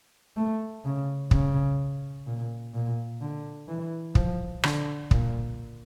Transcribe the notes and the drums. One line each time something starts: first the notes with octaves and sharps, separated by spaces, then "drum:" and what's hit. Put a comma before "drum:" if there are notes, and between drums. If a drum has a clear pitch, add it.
A3
C#3
C#3, drum: kick
A#2
A#2
D3
E3
F3, drum: kick
D3, drum: rim click
A#2, drum: kick